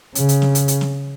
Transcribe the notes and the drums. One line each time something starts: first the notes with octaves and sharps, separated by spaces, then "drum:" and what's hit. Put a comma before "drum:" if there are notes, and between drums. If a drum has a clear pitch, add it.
C#3, drum: hi-hat
drum: hi-hat
drum: snare
drum: hi-hat
drum: hi-hat
drum: snare